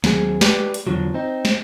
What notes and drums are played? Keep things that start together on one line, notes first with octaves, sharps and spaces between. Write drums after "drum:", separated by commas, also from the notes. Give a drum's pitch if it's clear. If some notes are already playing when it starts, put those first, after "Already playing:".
D#2 F#3 C4 G#4, drum: snare
G4 B4 D5, drum: snare
drum: hi-hat
E2 G#2 D3 F3 F#3
C4 D#4
drum: snare